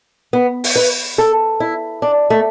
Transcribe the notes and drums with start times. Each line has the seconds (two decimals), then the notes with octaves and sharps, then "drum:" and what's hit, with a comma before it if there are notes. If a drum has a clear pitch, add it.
0.33 B3
0.64 drum: open hi-hat
0.76 B4
1.18 A4
1.60 E4
2.02 D4
2.30 A3